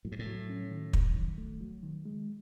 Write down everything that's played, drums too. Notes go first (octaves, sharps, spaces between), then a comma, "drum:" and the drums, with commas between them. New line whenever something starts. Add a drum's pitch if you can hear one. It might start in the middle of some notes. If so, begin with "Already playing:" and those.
A2 F#3
G#2
A2
F#3
C#4
D#3
F#3, drum: kick
D#3
A3
F#3
D#3
G#3